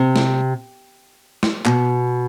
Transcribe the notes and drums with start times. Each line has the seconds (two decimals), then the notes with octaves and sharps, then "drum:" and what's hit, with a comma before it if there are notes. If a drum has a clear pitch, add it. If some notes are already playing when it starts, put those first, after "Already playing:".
Already playing: C3
0.16 drum: snare
1.43 drum: snare
1.65 B2, drum: clap